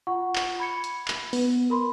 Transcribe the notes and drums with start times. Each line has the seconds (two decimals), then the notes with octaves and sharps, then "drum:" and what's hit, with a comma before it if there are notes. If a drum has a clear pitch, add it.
0.07 F4 F#5 C#6
0.36 drum: clap
0.60 B5 G#6 C#7
0.84 drum: hi-hat
1.08 drum: clap
1.33 B3, drum: open hi-hat
1.70 A#4 B5 C6